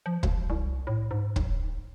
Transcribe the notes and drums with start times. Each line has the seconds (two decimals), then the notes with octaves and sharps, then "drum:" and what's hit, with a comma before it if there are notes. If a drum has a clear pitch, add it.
0.06 F3
0.23 E1, drum: kick
0.50 C2
0.87 A2
1.11 G#2
1.36 B1, drum: kick